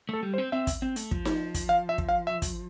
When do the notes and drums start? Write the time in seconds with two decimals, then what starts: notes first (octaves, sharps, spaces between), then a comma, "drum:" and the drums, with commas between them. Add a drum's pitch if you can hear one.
0.09 A3 A4
0.23 G3
0.34 C5
0.38 C4
0.52 C4 E5
0.67 drum: kick, hi-hat
0.82 C4
0.96 A3, drum: hi-hat
1.11 F3, drum: kick
1.25 drum: snare D#4
1.55 drum: kick, hi-hat
1.69 F5
1.89 E5
1.98 drum: kick
2.09 F5
2.27 E5
2.42 drum: kick, hi-hat